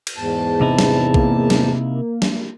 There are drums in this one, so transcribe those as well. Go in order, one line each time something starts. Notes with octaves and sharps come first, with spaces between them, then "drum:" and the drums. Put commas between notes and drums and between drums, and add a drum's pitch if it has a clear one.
drum: cymbal
E2 G#2 A5
C3 D#4 E4
drum: snare
A#3, drum: kick A#1
drum: snare
drum: snare